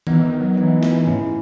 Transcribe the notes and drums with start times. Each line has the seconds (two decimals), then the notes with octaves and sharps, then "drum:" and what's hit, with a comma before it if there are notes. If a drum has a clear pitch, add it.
0.07 E3 B3 D#4, drum: tom D#3
0.24 D#3
0.40 F#3
0.57 E3 B3 D#4
0.83 drum: snare
1.07 G#2 C#4 E4